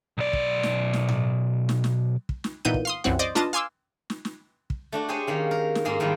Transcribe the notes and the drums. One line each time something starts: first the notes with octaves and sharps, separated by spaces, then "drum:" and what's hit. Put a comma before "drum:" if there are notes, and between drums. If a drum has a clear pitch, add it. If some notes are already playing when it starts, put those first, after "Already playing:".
B1 D5
drum: kick
drum: snare
drum: snare
drum: tom A2
drum: snare
drum: snare
drum: kick
drum: snare
A#2 E3 B3 D#4 G6 D#7
drum: kick
F5 C6 D#6
C2 F#2 E3 C4 F#5, drum: snare
C5 D5 D#5 D6
D4 F4 B4 D#5 A5, drum: snare
F5 G#5 C6 D6 E6
drum: snare
drum: snare
drum: kick
A3 D4 F#4
G4 G#4 C5 C#5 G#5
D#3 A#3 C#4
A#4
drum: snare
G#2 A#3 G#4 C6
G#2 D#3 F3 G3 E4